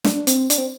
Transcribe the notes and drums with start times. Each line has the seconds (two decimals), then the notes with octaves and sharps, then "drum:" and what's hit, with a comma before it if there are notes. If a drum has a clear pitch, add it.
0.04 D4, drum: snare
0.27 C4, drum: hi-hat
0.50 D4, drum: hi-hat
0.58 C4